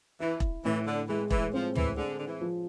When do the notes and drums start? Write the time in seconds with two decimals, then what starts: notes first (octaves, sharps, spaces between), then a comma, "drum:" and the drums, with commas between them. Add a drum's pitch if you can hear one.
0.20 E3 E4
0.40 drum: kick E1
0.64 A2 E3
0.87 D3
1.08 E3 G#3
1.31 E3, drum: kick E1
1.54 F3 C4
1.75 E3, drum: tom
1.97 D3 G#4
2.19 D3
2.27 E3
2.41 F3